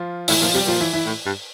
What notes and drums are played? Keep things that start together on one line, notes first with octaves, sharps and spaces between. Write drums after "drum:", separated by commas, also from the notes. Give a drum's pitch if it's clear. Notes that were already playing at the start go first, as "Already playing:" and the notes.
Already playing: F3 F4
A2 E3 E4, drum: open hi-hat
A#2 F3 F4
C3 G3 G4
A#2 F3 F4
E3 E4
E3 E4
A2
G2